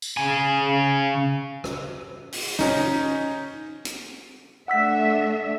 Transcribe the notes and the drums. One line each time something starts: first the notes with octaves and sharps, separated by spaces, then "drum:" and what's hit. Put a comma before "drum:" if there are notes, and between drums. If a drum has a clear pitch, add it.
drum: tambourine
C#3 G#5
drum: rim click
drum: open hi-hat
C#4 D#4, drum: snare
drum: hi-hat
A3 D4 E5 F#5 E6 B6